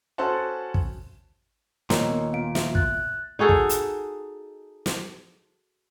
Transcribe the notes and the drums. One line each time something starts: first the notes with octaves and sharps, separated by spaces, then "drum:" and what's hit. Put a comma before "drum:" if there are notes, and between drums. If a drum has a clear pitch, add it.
C#4 F#4 A4 C5 F#5 A5
drum: kick
D#2 A#2 A#4 C#5 D#5, drum: snare
B3
B3 F5 D7
E5, drum: snare
F#6 A6, drum: kick
D#4 F#4 G#4 A4
drum: kick
drum: hi-hat
drum: snare